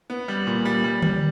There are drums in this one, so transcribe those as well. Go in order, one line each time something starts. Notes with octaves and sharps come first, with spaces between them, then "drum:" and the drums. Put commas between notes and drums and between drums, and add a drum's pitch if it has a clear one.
B3
G3
A#2
G3
G3
G3, drum: tom D3